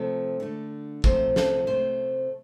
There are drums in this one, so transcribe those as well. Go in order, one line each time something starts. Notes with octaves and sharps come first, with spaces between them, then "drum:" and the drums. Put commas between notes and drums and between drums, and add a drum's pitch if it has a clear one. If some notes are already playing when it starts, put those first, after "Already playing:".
Already playing: C3 F3 A3 A4
D3 A3
C3 F3 A3 C5, drum: kick
A4, drum: snare
C3 A3 C5